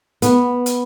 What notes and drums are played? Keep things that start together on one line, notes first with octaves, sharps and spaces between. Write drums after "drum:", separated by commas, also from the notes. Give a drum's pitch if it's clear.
B3, drum: hi-hat
drum: hi-hat